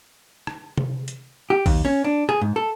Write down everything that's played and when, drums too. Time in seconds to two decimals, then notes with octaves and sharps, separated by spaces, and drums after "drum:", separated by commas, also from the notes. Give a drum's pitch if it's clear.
0.47 drum: rim click
0.78 drum: tom C3
1.08 drum: hi-hat
1.50 G4
1.66 D#2, drum: kick A#1, open hi-hat
1.85 C#4
2.04 D4
2.29 G#4, drum: rim click
2.41 G#2
2.56 A4